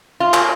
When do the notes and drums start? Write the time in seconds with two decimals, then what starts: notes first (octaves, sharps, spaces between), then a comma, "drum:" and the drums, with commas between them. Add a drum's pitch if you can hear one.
0.20 F4
0.33 drum: clap